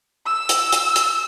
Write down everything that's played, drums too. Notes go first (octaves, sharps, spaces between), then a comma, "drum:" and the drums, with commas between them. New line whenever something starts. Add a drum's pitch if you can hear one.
E6
drum: hi-hat
drum: hi-hat
drum: hi-hat